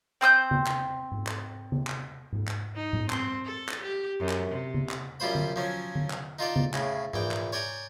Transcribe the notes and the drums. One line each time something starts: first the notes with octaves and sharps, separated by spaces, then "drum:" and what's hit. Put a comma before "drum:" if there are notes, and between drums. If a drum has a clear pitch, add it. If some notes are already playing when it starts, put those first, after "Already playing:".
C4 C5 D#6 G6
drum: tom C#3
drum: clap
drum: tom G#2
drum: clap
drum: tom C#3
drum: clap
drum: tom G#2
drum: clap
D#4
drum: tom A2
C4, drum: clap
A4
drum: clap
G4
F#2
drum: clap
C3
drum: tom C#3
drum: clap
F#2 G3 F4 C5 B5
drum: tom D3
F3 F#3 C#4
drum: tom D3
drum: clap
D#4 F4 A4 D5
drum: tom C#3
A2 C#3, drum: clap
A#1 E3 G5, drum: tom G#2
drum: clap
C#5 D5 G5 G#5 A#5